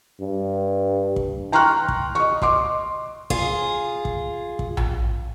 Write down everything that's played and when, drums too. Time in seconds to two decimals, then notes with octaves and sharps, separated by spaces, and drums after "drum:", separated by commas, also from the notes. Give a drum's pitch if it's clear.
0.20 G2
1.16 drum: kick
1.52 G5 A#5 C6 C#6 F6 F#6
1.88 drum: kick
2.15 D#5 C#6
2.42 D#5 C6 D6, drum: kick
3.30 F4 G#4, drum: kick
4.05 drum: kick
4.59 drum: kick
4.77 drum: tom A#1